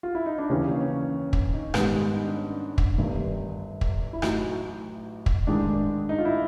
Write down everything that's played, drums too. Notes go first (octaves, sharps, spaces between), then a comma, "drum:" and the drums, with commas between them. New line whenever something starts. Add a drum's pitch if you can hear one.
F4
E4
D#4
D4
D#2 C#3 E3 C#4
C#4
drum: kick
D#4
G#2 D#3 G3 B3 D#4, drum: rim click
D#4
D4
C#4
drum: kick
G1 G2 D#3
drum: kick
E4
A1 A2 F#3 D#4, drum: rim click
drum: kick
A1 G#2 D#3 G#3 D4
D#4
F4
E4